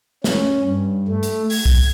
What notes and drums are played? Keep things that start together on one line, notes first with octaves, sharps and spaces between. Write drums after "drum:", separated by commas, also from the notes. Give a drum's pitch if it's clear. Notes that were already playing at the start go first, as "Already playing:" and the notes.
C#4, drum: snare
G2
A3
drum: hi-hat
G#6, drum: open hi-hat
drum: kick